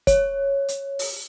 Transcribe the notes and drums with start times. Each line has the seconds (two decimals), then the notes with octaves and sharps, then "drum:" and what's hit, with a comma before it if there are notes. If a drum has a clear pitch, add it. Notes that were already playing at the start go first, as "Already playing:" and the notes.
0.07 C#5, drum: kick, hi-hat
0.68 drum: hi-hat
0.99 drum: open hi-hat